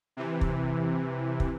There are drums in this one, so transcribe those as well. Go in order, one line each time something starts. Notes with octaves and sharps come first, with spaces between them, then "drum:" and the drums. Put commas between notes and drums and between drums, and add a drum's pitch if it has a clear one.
C3 E3
drum: kick
drum: kick